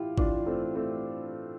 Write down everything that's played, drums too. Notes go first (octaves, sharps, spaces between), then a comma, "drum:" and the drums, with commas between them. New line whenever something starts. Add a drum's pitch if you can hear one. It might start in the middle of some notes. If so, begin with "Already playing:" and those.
Already playing: A2 E3 E4 F4 G4
E3 D4 F4, drum: kick A1
A3 C4
A2
A3 C4